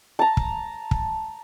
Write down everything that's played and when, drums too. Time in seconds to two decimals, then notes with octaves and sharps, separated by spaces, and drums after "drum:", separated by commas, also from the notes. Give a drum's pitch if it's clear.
0.19 A5 A#5
0.37 drum: kick
0.91 drum: kick